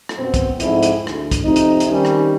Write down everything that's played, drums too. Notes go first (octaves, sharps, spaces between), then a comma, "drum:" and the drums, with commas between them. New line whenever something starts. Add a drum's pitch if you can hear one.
drum: rim click
F#2 B2 C4 F#4
drum: kick, hi-hat
F2 G#2 E4, drum: hi-hat
drum: hi-hat
D2, drum: rim click
drum: kick, hi-hat
F2 C3 D#4
drum: hi-hat
drum: hi-hat
D#3 G3 C4 C#4
drum: rim click